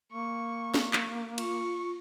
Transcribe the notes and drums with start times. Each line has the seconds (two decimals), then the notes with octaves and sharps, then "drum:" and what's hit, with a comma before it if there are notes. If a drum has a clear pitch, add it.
0.12 A#3 C#6
0.74 drum: snare
0.93 drum: clap
1.38 F4 C#6, drum: cymbal